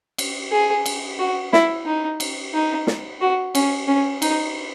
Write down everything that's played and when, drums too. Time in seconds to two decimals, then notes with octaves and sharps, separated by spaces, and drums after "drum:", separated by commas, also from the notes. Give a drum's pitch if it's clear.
0.18 drum: cymbal
0.52 G#4
0.86 drum: cymbal
1.19 F#4
1.53 E4, drum: snare
1.86 D#4
2.20 drum: cymbal
2.54 D#4
2.87 drum: snare
3.21 F#4
3.55 C#4, drum: cymbal
3.88 C#4
4.22 D#4, drum: cymbal